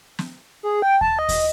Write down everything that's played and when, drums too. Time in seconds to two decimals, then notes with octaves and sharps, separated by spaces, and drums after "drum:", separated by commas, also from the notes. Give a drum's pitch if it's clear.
0.19 drum: snare
0.63 G#4
0.82 G5
1.01 A5, drum: kick D#2
1.19 D#5
1.29 drum: kick D#2, open hi-hat